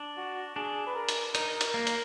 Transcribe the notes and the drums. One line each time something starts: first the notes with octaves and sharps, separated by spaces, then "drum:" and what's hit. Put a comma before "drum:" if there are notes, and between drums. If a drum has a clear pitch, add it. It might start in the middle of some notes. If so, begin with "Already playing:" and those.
Already playing: D4
F#4
D4 G#4
B4
A#4
drum: hi-hat
D#4 A#4, drum: hi-hat
drum: hi-hat
A#3
drum: hi-hat